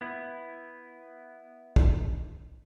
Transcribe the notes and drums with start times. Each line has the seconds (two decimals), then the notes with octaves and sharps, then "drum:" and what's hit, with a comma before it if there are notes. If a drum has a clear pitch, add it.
0.01 B3 E4
1.76 drum: kick